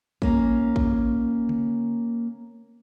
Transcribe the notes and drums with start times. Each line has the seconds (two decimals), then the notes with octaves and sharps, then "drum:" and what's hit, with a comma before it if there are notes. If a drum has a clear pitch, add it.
0.22 A#3 C#4, drum: kick
0.76 drum: kick
1.49 drum: tom C#3